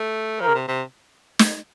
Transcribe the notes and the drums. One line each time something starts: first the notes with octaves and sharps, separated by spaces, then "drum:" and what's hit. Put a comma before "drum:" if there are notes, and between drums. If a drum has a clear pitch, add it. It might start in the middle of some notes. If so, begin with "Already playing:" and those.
Already playing: A3
F3 A#4
C#3
C3
C3
drum: snare